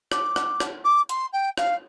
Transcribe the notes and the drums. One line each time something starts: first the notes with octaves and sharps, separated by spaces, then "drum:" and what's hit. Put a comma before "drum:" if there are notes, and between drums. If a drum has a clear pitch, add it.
D6, drum: rim click
drum: rim click
drum: rim click
D6
C6, drum: hi-hat
G5
F5, drum: rim click